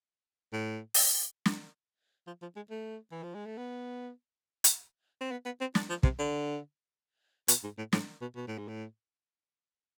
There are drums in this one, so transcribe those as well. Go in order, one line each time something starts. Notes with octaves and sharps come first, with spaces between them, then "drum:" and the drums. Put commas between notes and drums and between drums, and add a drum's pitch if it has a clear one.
A2
drum: open hi-hat
drum: snare
F3
F3
G#3
A3
E3
F3
G#3
A3
B3
drum: hi-hat
C4
B3
B3
C4
D4, drum: snare
F3
C3, drum: kick
D3
B2, drum: hi-hat
G#2
A2
A2, drum: snare
B2
B2
A2
G#2
A2